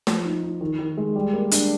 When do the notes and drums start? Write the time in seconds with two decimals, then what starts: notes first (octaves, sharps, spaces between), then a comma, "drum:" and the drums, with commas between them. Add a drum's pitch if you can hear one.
0.07 F3, drum: snare
0.25 D#4
0.43 D#4
0.61 D#3
0.79 D#3
0.97 G#3
1.16 G3
1.33 A#3
1.51 D4, drum: hi-hat